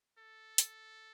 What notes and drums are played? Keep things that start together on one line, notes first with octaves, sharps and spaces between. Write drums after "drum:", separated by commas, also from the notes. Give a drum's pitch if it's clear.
A4
drum: hi-hat